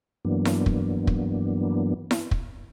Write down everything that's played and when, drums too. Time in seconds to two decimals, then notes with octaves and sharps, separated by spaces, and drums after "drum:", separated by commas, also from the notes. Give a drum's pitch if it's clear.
0.25 G2 E3 F#3 A#3 B3 D4
0.45 drum: snare E4
0.66 drum: kick
1.07 drum: kick
2.11 drum: snare E4
2.31 drum: kick